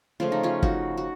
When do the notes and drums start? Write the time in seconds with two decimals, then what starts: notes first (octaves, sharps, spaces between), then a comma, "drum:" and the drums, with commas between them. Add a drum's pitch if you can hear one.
0.20 C#3 F3 A3 F4
0.32 D#4
0.43 C#4 F4
0.62 D#4 F#4, drum: kick F#1
0.97 F#4